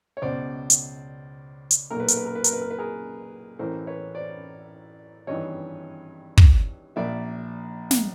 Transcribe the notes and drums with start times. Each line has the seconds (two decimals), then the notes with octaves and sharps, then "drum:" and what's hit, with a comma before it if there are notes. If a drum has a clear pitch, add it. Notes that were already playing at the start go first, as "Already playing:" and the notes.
0.17 C#5
0.22 C#2 B2 C5 D5
0.70 drum: hi-hat
1.71 drum: hi-hat
1.90 B1 A#2 A#4
2.00 B4
2.08 A#4, drum: hi-hat
2.17 B4
2.26 A#4
2.35 B4
2.44 A#4, drum: hi-hat
2.53 B4
2.61 A#4
2.70 B4
2.78 G#4 A#4
3.59 A1 A2 E3 A#4 C5
3.87 B4 C#5
4.15 C5 D5
5.27 G#1 G2 E3 C#5 D#5
6.37 drum: kick
6.96 A#1 A#2 D5 E5
7.91 drum: snare